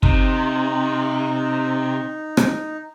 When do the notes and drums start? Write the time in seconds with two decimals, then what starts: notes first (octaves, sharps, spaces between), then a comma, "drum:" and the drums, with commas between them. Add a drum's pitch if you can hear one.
0.03 C3 D#4, drum: kick
2.37 drum: rim click